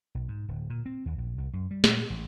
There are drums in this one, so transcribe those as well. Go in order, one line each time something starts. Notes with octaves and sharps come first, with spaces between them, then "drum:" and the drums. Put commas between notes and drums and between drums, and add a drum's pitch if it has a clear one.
B1
G#2
D1
A#2
C4
D#2
A#1
C2
F#2
G3
A#2, drum: snare
A1